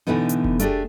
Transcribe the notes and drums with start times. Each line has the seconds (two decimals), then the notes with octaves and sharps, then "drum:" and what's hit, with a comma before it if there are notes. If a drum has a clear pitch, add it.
0.07 B2 D3 E3 A3 B3 D#4
0.29 drum: hi-hat
0.44 drum: kick F1
0.59 A3 D4 D#4 G4 G#4, drum: hi-hat